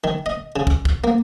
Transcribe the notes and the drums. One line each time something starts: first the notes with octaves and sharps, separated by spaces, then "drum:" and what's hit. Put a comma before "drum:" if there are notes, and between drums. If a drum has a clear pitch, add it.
D#3
D#5
C#3
drum: kick
drum: kick
A#3